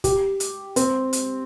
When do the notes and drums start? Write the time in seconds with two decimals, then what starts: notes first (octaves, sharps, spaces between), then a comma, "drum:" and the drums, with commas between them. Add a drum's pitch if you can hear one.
0.04 G4, drum: kick, hi-hat
0.40 drum: hi-hat
0.76 C4, drum: hi-hat
1.13 drum: hi-hat